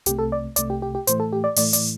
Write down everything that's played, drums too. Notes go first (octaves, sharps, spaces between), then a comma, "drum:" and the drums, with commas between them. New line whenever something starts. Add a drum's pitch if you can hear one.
C2 C3 A3 G4, drum: hi-hat
A4
D5
C2 C3 A3 D5, drum: hi-hat
G4
G4
G4
A2 E3 A3 C5, drum: hi-hat
A4
G4
D5
A2 E3 A3 D5, drum: open hi-hat
D5, drum: hi-hat